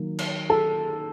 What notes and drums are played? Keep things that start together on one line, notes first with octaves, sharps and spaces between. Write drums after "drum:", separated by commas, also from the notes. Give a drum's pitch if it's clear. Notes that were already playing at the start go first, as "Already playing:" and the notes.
Already playing: D#3 F#3 A#3
drum: cymbal
A4 A5